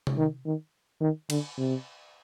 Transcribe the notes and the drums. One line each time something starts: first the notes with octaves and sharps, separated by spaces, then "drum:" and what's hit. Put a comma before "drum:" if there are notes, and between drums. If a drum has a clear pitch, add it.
drum: tom C3
D#3
D#3
D#3
D3, drum: cymbal
C3